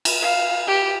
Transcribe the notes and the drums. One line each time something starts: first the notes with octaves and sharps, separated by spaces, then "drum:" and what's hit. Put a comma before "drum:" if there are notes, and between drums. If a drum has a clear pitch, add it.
drum: cymbal
F5
G4